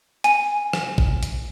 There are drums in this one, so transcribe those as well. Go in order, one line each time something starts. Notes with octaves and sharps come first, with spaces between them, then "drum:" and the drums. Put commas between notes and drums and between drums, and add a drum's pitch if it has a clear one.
G#5, drum: hi-hat
drum: rim click
drum: kick A1
drum: hi-hat